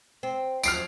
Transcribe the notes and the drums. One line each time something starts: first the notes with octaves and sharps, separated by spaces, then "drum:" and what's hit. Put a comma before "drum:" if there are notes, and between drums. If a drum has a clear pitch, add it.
C4
F#2 F3 F#3 F6 C7 D7, drum: tambourine